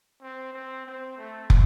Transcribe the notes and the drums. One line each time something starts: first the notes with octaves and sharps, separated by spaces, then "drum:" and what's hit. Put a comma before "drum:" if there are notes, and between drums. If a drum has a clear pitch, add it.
C4
C4
C4
A3
drum: kick